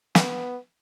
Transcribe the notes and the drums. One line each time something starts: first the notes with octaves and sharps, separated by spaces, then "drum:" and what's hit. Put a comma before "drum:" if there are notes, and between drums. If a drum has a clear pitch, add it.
B3, drum: snare